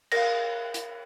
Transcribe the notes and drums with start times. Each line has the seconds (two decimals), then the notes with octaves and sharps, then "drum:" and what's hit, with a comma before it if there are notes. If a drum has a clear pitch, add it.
0.12 A#4 F5 A#6, drum: cymbal
0.74 drum: hi-hat